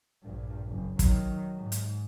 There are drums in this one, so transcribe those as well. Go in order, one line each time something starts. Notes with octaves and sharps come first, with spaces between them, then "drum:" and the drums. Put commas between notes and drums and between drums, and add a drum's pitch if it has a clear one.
A#1 G2
F#1
D#3 F#3, drum: kick, hi-hat
G#2
drum: hi-hat